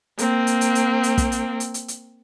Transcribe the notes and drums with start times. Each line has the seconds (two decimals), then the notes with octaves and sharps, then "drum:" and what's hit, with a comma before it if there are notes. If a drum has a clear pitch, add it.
0.19 A#3 C4, drum: hi-hat
0.47 drum: hi-hat
0.61 drum: hi-hat
0.75 drum: hi-hat
1.03 drum: hi-hat
1.18 drum: kick, hi-hat
1.32 drum: hi-hat
1.60 drum: hi-hat
1.74 drum: hi-hat
1.88 drum: hi-hat